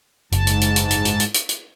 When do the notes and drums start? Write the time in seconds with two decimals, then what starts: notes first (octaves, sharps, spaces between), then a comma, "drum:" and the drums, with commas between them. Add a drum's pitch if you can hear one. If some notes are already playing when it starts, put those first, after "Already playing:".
0.32 F#1 G#2 A5, drum: hi-hat
0.47 drum: hi-hat
0.61 drum: hi-hat
0.76 drum: hi-hat
0.91 drum: hi-hat
1.05 drum: hi-hat
1.20 drum: hi-hat
1.34 drum: hi-hat
1.49 drum: hi-hat